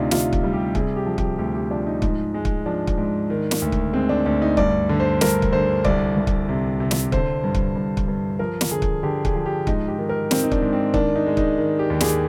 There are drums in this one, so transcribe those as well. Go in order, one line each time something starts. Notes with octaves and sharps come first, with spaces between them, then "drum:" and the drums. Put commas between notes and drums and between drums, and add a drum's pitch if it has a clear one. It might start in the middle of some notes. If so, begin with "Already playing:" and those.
Already playing: D2 C3 D4 D#4 F4
C3 F4, drum: snare
drum: kick
G3
G4
C3 G#4, drum: kick
G4
F3
G4, drum: kick
D2 G4
G4
F3 D4
D#4
G#2, drum: kick
G#3
drum: kick
F3 D4
drum: kick
G#2
D#3
drum: snare
D2
drum: kick
G#3 C4
D4
D2 D4
D#4
G2 D5, drum: kick
D3
C5
G2 A#4, drum: snare
drum: kick
D3 C5
C2 D5, drum: kick
C2
drum: kick
C3
C3
drum: snare
D3 C5, drum: kick
G2
drum: kick
G2
drum: kick
G2
F3 A#4
drum: snare
D3 G#4
drum: kick
D3 G4
G#4, drum: kick
F3
G4
G#2 D#4, drum: kick
G4
D#3
A#4
D#3 C4, drum: snare
D#4
D4, drum: kick
G#2
C4
D#3 D4, drum: kick
D#4
G#3
D#4, drum: kick
D#3
G4
D#2
G#4, drum: snare